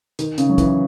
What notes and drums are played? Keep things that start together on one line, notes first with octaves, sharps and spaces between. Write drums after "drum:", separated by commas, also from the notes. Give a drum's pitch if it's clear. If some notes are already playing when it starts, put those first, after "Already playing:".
D#3, drum: hi-hat
C#3, drum: hi-hat
F#3
E3, drum: kick, hi-hat